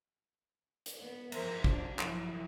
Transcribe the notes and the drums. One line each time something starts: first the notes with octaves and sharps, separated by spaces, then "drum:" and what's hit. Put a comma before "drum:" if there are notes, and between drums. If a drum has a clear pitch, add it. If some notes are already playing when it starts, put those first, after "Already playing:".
drum: hi-hat
B3
F3 A#4 C5 E5, drum: cymbal
F#2 D4, drum: kick
F3 F#3 E4, drum: clap